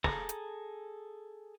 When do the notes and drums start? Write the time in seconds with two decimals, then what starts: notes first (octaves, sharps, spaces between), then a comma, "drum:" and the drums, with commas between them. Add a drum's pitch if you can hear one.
0.04 G#4 A4 A#5, drum: snare
0.29 drum: hi-hat